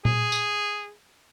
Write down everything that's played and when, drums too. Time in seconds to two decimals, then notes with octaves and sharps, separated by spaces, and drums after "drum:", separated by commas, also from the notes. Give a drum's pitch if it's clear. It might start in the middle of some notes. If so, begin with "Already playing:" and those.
0.05 G#4, drum: tom A#2
0.32 drum: tambourine